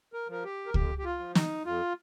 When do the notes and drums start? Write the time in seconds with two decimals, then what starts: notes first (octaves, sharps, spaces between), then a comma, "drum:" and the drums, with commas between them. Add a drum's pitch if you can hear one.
0.13 A#4
0.28 F3 A#4
0.44 G4
0.66 A#4
0.74 F2 G4, drum: kick C#2
0.98 G4
1.04 F4
1.19 F3
1.35 D#4, drum: snare
1.65 F2 F4